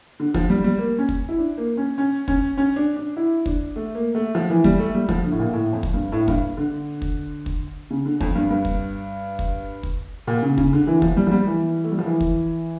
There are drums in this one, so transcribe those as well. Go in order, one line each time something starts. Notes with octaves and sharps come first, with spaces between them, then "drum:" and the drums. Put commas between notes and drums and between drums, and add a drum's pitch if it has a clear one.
D3
F3, drum: kick
G3
G3
A#3
C#4
drum: kick
E4
D4
A#3
C#4
C#4
C#4, drum: kick
C#4
D4
D4
E4
D4, drum: kick
A3
A#3
A3
F3
E3
G3, drum: kick
A3
G3
F3, drum: kick
D3
A2
A#2
A2
F2
drum: kick
G2
A2
G2, drum: kick
D3
drum: kick
drum: kick
C#3
D3
F2, drum: kick
G2
G2
drum: kick
drum: kick
drum: kick
A#2
C#3
C#3, drum: kick
D3
E3
F3, drum: kick
G3
F3
G3
E3
A3
G3
F3
E3
drum: kick